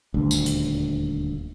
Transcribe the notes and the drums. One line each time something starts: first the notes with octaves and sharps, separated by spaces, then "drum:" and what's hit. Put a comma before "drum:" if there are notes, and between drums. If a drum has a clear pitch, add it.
D#1 D2
drum: tambourine
drum: hi-hat